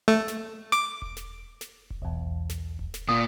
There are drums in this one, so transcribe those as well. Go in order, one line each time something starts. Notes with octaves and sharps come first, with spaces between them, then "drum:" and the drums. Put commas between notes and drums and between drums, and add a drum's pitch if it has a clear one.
A3
drum: snare
D6, drum: snare
drum: kick E1
drum: snare
drum: snare
drum: kick E1
B1 E2
drum: snare
drum: kick E1
drum: snare
A#2 D#6